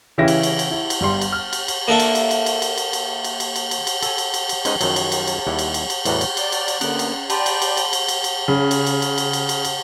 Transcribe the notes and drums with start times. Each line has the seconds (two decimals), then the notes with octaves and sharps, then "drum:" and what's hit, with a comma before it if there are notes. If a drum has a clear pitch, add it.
0.18 C#3 E3 C#4 E4 G4 A#6
0.28 drum: cymbal
0.43 drum: cymbal
0.59 drum: cymbal
0.71 E4
0.90 drum: cymbal
1.01 G1 G3 C6
1.21 drum: cymbal
1.33 F6
1.53 drum: cymbal
1.68 drum: cymbal
1.88 A#3 D4 A4 E5
2.00 drum: cymbal
2.15 drum: cymbal
2.31 drum: cymbal
2.46 drum: cymbal
2.62 drum: cymbal
2.78 drum: cymbal
2.93 drum: cymbal
3.24 drum: cymbal
3.40 drum: cymbal
3.56 drum: cymbal
3.71 drum: cymbal
3.87 drum: cymbal
4.02 A4 G#5, drum: cymbal
4.18 drum: cymbal
4.34 drum: cymbal
4.49 drum: cymbal
4.65 G#3 C#4 D#4 B4 C5 D#5, drum: cymbal
4.81 F#2 D#3 F3 F#3, drum: cymbal
4.96 drum: cymbal
5.12 drum: cymbal
5.27 drum: cymbal
5.47 D#2 G3 E4 F#5
5.59 drum: cymbal
5.74 drum: cymbal
5.90 drum: cymbal
6.05 E2 A2 G3 B3 F#4 A#5, drum: cymbal
6.21 drum: cymbal
6.37 D5, drum: cymbal
6.52 drum: cymbal
6.68 drum: cymbal
6.81 D3 A#3 B3 C#4, drum: cymbal
6.99 drum: cymbal
7.30 G4 D5 G5 A5 B5 C6, drum: cymbal
7.46 drum: cymbal
7.62 drum: cymbal
7.77 drum: cymbal
7.93 drum: cymbal
8.08 drum: cymbal
8.24 drum: cymbal
8.48 C#3
8.71 drum: cymbal
8.87 drum: cymbal
9.02 drum: cymbal
9.18 drum: cymbal
9.33 drum: cymbal
9.49 drum: cymbal
9.65 drum: cymbal